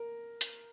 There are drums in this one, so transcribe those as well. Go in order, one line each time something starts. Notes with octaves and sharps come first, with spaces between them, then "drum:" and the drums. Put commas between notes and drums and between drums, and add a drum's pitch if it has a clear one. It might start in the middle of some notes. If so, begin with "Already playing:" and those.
Already playing: A#4
drum: hi-hat